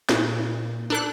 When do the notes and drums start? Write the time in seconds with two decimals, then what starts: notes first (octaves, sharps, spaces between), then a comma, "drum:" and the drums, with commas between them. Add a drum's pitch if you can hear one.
0.09 A#2, drum: snare
0.90 D4 A4 F#6